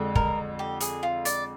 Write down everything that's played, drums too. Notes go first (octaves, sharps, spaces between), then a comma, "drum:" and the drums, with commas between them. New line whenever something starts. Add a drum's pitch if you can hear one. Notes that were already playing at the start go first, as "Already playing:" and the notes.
Already playing: F2 D3 G#3
A#4, drum: kick
G4
G#4, drum: hi-hat
F4
D5, drum: hi-hat